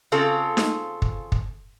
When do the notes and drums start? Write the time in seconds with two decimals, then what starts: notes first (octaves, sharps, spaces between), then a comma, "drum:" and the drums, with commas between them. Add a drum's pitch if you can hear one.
0.12 C#3 C4 F4 A4
0.57 drum: snare D#4
1.02 drum: kick
1.32 drum: kick